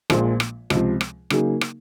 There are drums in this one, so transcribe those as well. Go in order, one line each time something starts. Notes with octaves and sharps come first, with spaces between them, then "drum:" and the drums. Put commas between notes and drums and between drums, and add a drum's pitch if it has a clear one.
A#1 A#2 F3 G#3, drum: rim click
drum: rim click
C#2 C3 F3, drum: rim click
drum: rim click
C#3 F#3 A#3 D#4 G#4, drum: rim click
drum: rim click